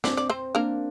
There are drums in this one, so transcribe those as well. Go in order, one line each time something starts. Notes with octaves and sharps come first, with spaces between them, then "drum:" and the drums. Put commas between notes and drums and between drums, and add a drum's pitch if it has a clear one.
C4 D4 D5, drum: snare
D5
C4 C5
A#3 D4 A#4